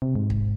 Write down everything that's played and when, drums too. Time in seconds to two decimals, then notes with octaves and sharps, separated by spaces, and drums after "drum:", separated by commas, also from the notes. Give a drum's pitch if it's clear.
0.02 C3
0.15 G#2
0.30 drum: kick